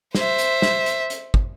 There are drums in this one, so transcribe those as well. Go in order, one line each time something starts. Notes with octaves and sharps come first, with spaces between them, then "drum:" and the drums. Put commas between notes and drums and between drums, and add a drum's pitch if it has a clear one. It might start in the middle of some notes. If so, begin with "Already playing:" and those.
C5 E5, drum: snare
drum: hi-hat
drum: snare
drum: hi-hat
drum: hi-hat
drum: kick